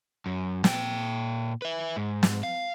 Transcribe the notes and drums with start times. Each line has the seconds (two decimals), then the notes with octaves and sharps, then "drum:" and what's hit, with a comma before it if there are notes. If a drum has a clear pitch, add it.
0.26 F#2
0.64 A#2 G5, drum: snare
1.62 B4 E5
1.96 G#2
2.23 drum: snare
2.43 F5